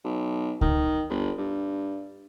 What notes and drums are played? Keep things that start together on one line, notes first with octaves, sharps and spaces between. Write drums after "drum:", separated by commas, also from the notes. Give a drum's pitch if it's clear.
B1
D#3, drum: kick C#2
G1
G2